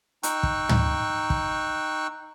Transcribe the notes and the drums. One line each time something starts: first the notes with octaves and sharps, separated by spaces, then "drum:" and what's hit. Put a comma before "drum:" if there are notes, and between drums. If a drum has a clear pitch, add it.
D#4 G5 C#6 E6 F#6, drum: hi-hat
drum: kick
drum: tom
drum: kick